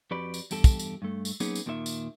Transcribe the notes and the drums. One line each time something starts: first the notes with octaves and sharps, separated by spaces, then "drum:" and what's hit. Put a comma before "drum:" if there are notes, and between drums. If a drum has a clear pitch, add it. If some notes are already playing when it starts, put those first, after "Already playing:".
F2 F#4 G4 B4 D5 B5
drum: tambourine
E2 G2 G4 A4, drum: tambourine
drum: kick, tambourine
drum: tambourine
G2 A3
drum: tambourine
F#3 A#3 B3 C#4 D#4 G#4, drum: tambourine
drum: tambourine
D#2 A#2 D#3 G4 E5
drum: tambourine